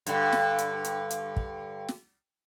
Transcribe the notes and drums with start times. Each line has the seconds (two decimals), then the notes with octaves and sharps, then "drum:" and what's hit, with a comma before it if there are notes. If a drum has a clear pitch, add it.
0.06 G2 D3, drum: hi-hat
0.32 drum: snare
0.58 drum: hi-hat
0.84 drum: hi-hat
1.10 drum: hi-hat
1.36 drum: kick
1.88 drum: snare